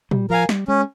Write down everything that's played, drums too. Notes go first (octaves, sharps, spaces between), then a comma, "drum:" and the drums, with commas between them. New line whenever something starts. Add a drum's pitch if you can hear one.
G3, drum: tom
F3 A#4 F5 G#5
G3, drum: snare
G#3 C#4